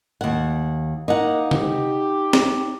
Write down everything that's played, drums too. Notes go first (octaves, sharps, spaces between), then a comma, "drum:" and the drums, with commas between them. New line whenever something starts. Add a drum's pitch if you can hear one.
D#2 F#5
A#3 D#4 F#5
G4, drum: tom C3
drum: snare